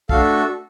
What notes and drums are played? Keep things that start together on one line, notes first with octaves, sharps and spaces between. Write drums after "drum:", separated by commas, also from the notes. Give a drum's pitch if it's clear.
A3 D4 F#4 A4 F5, drum: kick